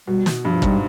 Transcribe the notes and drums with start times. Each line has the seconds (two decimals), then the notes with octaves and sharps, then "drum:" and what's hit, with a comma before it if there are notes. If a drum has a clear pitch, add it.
0.07 B2 G3
0.26 B2, drum: snare
0.45 G2 F3
0.62 G#2 G3, drum: kick